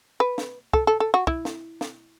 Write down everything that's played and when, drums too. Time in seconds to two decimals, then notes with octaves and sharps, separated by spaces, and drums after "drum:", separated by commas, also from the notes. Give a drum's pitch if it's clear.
0.20 B4
0.38 drum: snare
0.73 A4, drum: kick
0.87 A4
1.00 A4
1.14 F#4
1.27 E4, drum: kick
1.45 drum: snare
1.81 drum: snare